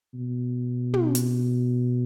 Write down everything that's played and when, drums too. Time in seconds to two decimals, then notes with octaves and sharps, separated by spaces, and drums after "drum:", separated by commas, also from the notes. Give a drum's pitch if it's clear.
0.14 B2
0.94 drum: tom
1.15 drum: hi-hat